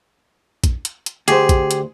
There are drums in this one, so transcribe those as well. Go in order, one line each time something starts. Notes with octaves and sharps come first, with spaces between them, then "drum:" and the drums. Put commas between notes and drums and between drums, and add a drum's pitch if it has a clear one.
drum: kick, hi-hat
drum: hi-hat
drum: hi-hat
D2 G4 G#4 C5, drum: hi-hat
drum: kick, hi-hat
drum: hi-hat